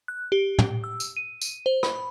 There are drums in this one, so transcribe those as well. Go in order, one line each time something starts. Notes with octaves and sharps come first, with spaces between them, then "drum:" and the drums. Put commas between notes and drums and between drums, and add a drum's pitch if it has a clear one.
F#6
G4
drum: tom
E6
drum: tambourine
D#7
drum: tambourine
C5
B5, drum: rim click